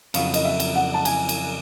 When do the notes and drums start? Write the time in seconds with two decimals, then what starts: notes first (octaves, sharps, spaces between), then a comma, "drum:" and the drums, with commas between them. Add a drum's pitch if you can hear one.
0.14 F2 C#3 F#3 B3 F5, drum: cymbal
0.34 D#5, drum: cymbal
0.45 E5
0.60 drum: cymbal
0.75 F#5
0.94 A5
1.05 G#5, drum: cymbal
1.29 drum: cymbal